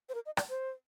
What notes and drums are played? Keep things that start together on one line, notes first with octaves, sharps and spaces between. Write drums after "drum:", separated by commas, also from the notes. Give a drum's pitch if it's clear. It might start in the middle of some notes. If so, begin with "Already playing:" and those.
C5
A#4
D#5
D5, drum: rim click
C5